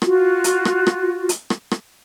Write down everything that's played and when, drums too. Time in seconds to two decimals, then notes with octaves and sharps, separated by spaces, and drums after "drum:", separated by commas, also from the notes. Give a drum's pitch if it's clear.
0.02 F4 F#4, drum: rim click
0.44 drum: hi-hat
0.65 drum: rim click
0.87 drum: rim click
1.29 drum: hi-hat
1.50 drum: rim click
1.71 drum: rim click